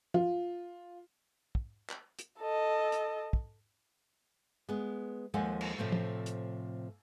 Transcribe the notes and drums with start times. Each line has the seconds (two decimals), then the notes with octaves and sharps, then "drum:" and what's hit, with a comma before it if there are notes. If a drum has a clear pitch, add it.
0.14 F4, drum: tom
1.55 drum: kick
1.90 drum: clap
2.19 drum: hi-hat
2.40 A4 D#5
2.92 drum: hi-hat
3.33 drum: kick
4.69 G#3 B3
5.34 D#2 F3 G#3 A4 F#5 G#5
5.61 drum: cymbal
5.78 A2 C3 F3 A3
5.92 drum: tom
6.26 drum: hi-hat